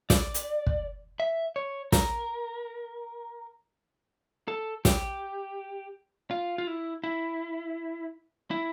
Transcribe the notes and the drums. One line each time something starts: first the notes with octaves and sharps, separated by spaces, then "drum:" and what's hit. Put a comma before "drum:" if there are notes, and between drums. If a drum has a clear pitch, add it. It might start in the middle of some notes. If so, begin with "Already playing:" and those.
D5, drum: snare
drum: hi-hat
drum: kick
E5
C#5
A#4, drum: snare
A4
G4, drum: snare
F4
F4
E4
E4
E4